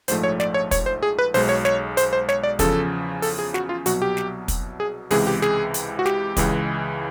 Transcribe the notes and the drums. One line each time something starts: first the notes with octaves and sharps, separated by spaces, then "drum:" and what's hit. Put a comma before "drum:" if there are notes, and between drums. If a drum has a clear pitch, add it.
A#1 G#2 F3 A3 C5, drum: hi-hat
C#5
D5, drum: snare
C#5
C#5, drum: kick, hi-hat
C5
G#4
B4
B1 B2 G#3 C5, drum: open hi-hat
C#5
C#5, drum: snare
C5, drum: hi-hat
C5
C#5, drum: snare
D5
E2 C#3 F3 A4, drum: kick, hi-hat
A4, drum: open hi-hat
G#4
F#4, drum: snare
F4
C2 B2 F#3 F#4, drum: hi-hat
G4
drum: snare
drum: kick, hi-hat
G#4
C#2 C3 E3 G#3 G#4, drum: open hi-hat
G4
G#4, drum: snare
drum: hi-hat
F#4
G4, drum: snare
C#2 C#3 E3 G#3, drum: kick, hi-hat